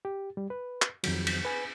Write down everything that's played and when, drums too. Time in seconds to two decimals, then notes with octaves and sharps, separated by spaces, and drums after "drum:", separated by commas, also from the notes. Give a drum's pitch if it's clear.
0.05 G4
0.37 G3
0.50 B4
0.82 drum: clap
1.04 F2 D#3 F#3, drum: cymbal
1.27 drum: cymbal
1.45 B4 G#5